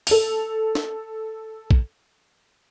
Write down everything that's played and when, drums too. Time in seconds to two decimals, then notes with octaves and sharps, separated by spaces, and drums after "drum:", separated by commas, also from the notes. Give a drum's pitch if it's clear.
0.07 A4 F7, drum: open hi-hat
0.75 drum: snare
1.71 drum: kick A#1